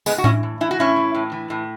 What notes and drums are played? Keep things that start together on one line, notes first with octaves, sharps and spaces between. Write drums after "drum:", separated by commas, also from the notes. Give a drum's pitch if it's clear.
A2 G#3 B3, drum: tambourine
F#4
E3 C#4 E4, drum: tom A2
A2
E3 E4
F#4
A2 C#4 E4
E3
A2
E3
A2